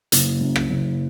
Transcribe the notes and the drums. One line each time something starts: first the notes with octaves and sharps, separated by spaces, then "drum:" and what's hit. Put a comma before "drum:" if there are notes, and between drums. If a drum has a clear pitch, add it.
F#1, drum: hi-hat
F#2
drum: rim click
F#1